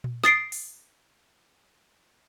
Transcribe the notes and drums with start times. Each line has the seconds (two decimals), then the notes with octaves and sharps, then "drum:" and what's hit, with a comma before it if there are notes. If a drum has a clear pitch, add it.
0.04 drum: tom A#2
0.24 D#6 A6 C7 D7, drum: snare
0.52 drum: open hi-hat